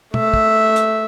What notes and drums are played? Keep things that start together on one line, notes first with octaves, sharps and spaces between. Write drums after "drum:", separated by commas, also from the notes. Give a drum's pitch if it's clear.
A3 E5, drum: tom
drum: kick
drum: hi-hat